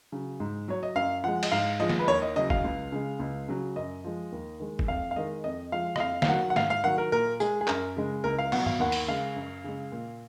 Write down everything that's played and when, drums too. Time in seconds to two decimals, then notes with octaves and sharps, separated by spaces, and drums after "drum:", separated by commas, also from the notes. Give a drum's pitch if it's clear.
0.12 C#3 F#3
0.40 G#2
0.68 F#3 C#5
0.83 D#5
0.96 F#2 F5
1.24 F3 G#3 F#5
1.43 D#5, drum: cymbal
1.52 G#2 F5
1.80 F3 G#3 D#5
1.89 drum: snare
1.99 B4
2.08 D#2 C#5
2.22 D#5
2.36 C#3 F#3 D#5
2.50 F5, drum: kick
2.64 C#2
2.92 C#3 G#3
3.19 C#2
3.48 C#3 F#3
3.76 F#2 D#5
4.04 F3 G#3
4.32 D#2
4.60 D#3 G#3
4.79 drum: kick
4.88 F2 F5
5.11 F5
5.16 D#3 G#3 D#5
5.44 F2 D#5
5.72 F3 G#3 F5
5.96 D#5, drum: rim click
6.00 F2 F5
6.22 F5, drum: snare
6.28 D#3 F#3 F#5
6.50 F#5
6.56 G#2 F5, drum: snare
6.70 F5
6.84 D#3 F#3 F#5
6.98 A#4
7.12 A#2 A#4
7.40 G#3 G#4, drum: tambourine
7.61 G#4
7.68 F#2 A#4, drum: clap
7.97 C#3 G#3
8.24 C#2 A#4
8.38 F5
8.52 B2 F#3 F#5, drum: cymbal
8.66 F5, drum: tom G2
8.80 D#2 F#5
8.92 drum: open hi-hat
9.08 C#3 G#3 F5
9.36 F#2
9.64 C#3 G#3
9.92 A#2